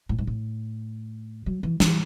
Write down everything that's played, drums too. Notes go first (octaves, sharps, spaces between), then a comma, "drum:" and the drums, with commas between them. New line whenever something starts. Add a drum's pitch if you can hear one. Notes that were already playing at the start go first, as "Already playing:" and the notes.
A2
G#2
A2
F#3
E3
E3, drum: snare